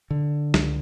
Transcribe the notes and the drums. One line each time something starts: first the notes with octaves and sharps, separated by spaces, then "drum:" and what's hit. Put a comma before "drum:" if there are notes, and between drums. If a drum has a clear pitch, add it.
D3
C#2, drum: snare